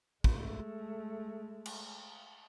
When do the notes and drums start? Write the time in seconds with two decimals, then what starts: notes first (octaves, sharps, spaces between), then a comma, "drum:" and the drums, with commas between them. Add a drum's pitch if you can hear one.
0.24 G#3 A3, drum: kick
1.66 drum: cymbal